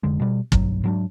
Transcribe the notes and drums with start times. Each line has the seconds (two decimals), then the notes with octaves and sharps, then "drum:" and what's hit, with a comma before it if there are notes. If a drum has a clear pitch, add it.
0.03 F1 D3 G#3
0.20 B2 G3
0.52 B1 G2 F#3, drum: kick
0.84 G#2 F#3 D4